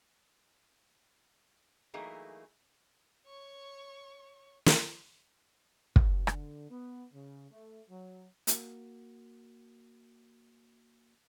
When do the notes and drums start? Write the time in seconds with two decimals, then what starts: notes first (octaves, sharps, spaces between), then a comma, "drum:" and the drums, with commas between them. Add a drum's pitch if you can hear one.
1.94 E3 F#3 A3 A#3 D#4 G#4
3.26 C#5 C#6
4.66 drum: snare
5.96 B2, drum: kick
6.27 D3, drum: rim click
6.70 B3
7.13 C#3
7.51 A3
7.89 F#3
8.47 A#3 F#4, drum: hi-hat